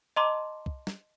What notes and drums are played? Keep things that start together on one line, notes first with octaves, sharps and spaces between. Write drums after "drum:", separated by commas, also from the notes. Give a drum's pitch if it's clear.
D#5 A5 A#5 C6 D6
drum: kick
drum: snare